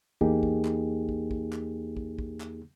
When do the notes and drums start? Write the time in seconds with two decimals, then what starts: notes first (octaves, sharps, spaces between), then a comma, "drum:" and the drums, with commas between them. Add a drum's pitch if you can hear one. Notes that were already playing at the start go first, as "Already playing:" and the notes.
0.21 E2 A#3 D#4 G4 G#4, drum: kick
0.43 drum: kick
0.65 drum: clap
1.09 drum: kick
1.31 drum: kick
1.53 drum: clap
1.97 drum: kick
2.19 drum: kick
2.40 drum: clap